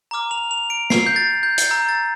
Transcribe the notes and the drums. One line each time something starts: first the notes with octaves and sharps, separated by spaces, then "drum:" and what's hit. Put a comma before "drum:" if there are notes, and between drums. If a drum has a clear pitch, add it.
A#5 D6 F6
F7
F7
D7
C7, drum: snare
G6
A6
G6
drum: hi-hat
A#5 E6 G6
A6